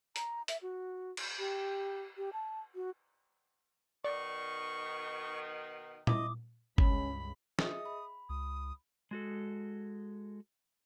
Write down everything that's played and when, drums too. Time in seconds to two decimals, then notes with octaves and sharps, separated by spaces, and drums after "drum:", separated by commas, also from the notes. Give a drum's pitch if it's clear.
0.16 A#5, drum: hi-hat
0.48 E5, drum: hi-hat
0.62 F#4
1.17 drum: cymbal
1.38 G4
2.17 G4
2.33 A5
2.75 F#4
4.04 B2 D#3 D5 C#6
6.07 E4 D#5 D6 D#6, drum: tom A#2
6.78 C#2 G2 C#4 B5, drum: kick G1
7.59 G#4 D#5 E5 D#6, drum: snare
7.86 B5
8.29 C#2 D#6
9.11 G#3 F#4 A4